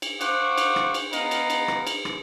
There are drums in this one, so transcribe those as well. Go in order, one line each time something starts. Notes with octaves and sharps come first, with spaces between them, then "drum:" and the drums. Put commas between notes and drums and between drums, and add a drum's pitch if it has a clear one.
drum: cymbal
C5 F5 F#5 C#6 D6, drum: cymbal
drum: cymbal
drum: rim click
drum: cymbal
B3 D#5 F5 A#5, drum: cymbal
drum: cymbal
drum: cymbal
drum: rim click
drum: cymbal
drum: rim click